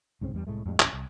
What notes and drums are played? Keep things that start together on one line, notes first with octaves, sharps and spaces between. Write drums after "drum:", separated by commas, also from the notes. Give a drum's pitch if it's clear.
C2 G#2 C#3 C4
E2 G2 G3
C2 A2 G#3 A3
F2 A2 G3 G#3
E1 A#1 E3 C#4, drum: clap
C2